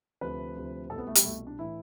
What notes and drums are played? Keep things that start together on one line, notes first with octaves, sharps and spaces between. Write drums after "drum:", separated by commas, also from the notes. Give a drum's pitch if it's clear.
D2 C3 F3 B4
D2 C3 F3
C2 B2 A4
B3
A3
G3, drum: hi-hat
C2 B2 A3
D4
A2 E3 E4